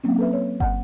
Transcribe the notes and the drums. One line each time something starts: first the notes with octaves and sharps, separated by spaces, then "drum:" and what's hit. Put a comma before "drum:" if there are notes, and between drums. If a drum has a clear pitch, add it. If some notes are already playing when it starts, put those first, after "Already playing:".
F#3 A#3 C4 C#4
A4 B4 E5
C#5
F#5, drum: kick G1